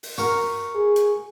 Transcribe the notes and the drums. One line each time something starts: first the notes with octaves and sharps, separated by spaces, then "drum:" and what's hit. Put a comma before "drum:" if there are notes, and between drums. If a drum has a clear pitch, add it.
drum: open hi-hat
F#4 A#4, drum: tom
G#4
drum: hi-hat